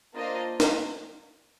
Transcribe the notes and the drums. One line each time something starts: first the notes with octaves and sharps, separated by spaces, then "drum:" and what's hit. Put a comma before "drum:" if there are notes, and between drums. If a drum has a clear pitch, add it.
A#3 D4 F4 C5 D#5
drum: snare